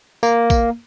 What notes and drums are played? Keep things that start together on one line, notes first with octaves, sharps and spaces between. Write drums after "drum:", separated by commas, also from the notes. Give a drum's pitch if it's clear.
A#3, drum: tambourine
drum: kick A1, tambourine